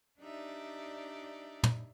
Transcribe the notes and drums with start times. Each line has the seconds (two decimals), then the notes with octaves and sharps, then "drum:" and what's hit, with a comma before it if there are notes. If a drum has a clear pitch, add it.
0.19 D4 D#4 G4 D5 E5
1.63 drum: tom